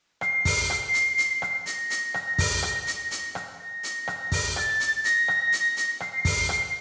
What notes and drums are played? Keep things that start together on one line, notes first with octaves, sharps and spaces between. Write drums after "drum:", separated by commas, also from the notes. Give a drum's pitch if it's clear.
C7, drum: rim click
drum: kick, open hi-hat
C7, drum: rim click
drum: hi-hat
drum: hi-hat
drum: rim click
A#6, drum: hi-hat
drum: hi-hat
drum: rim click
drum: kick, open hi-hat
drum: rim click
drum: hi-hat
drum: hi-hat
drum: rim click
A#6
drum: hi-hat
drum: rim click
drum: kick, open hi-hat
A6, drum: rim click
drum: hi-hat
A#6, drum: hi-hat
drum: rim click
drum: hi-hat
drum: hi-hat
C7, drum: rim click
drum: kick, open hi-hat
drum: rim click